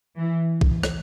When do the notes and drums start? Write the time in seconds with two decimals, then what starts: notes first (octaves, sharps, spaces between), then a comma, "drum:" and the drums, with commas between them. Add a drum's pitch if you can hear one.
0.17 E3
0.61 drum: kick A#1
0.83 drum: rim click